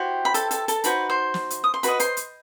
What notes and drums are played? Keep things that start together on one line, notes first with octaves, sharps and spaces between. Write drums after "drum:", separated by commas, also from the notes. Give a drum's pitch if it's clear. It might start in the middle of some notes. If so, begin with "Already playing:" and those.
Already playing: E4 F#4 G4 C5
B5
A4 A5, drum: hi-hat
A4 A5, drum: hi-hat
A4 A5, drum: hi-hat
D#4 F#4 B4 C5 B5, drum: hi-hat
C5 C6
drum: snare
drum: hi-hat
D#6
C6
F#4 B4 C5 B5, drum: hi-hat
D#5
C5 C6, drum: hi-hat
drum: hi-hat